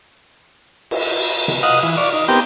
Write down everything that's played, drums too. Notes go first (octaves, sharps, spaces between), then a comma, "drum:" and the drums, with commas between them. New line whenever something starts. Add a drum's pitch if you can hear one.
drum: cymbal
drum: tom C3
D#5 F5 F#5 D#6
E3
D5 F5 C#6
D#4
B3 C4 G4 A#4 G5